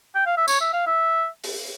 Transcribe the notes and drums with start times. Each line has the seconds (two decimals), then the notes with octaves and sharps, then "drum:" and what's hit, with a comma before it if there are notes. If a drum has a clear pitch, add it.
0.15 G5
0.26 F5
0.37 E5
0.48 C#5, drum: tambourine
0.61 E5
0.73 F5
0.87 E5
1.44 drum: open hi-hat